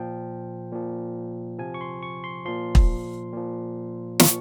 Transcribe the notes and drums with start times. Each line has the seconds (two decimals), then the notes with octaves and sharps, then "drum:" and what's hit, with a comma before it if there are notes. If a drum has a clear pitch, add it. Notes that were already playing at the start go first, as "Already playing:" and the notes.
Already playing: A#2 F3 G5
0.72 A#2 F3
1.58 C3 F3 G#5
1.74 C#6
1.81 C6
2.03 C#6
2.24 C6
2.46 A#2 F3 C6
2.75 drum: kick
3.33 A#2 F3
4.20 A#2 F3 C#6, drum: snare